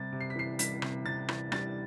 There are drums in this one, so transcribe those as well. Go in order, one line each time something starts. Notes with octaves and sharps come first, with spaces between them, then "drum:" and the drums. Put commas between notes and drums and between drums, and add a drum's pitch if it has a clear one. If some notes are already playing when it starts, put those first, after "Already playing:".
Already playing: C3 G3 A6
C3
C7
B6
E3 C7
G3 B6, drum: hi-hat
C3, drum: rim click
C3 A6
E3, drum: rim click
G3 A6, drum: rim click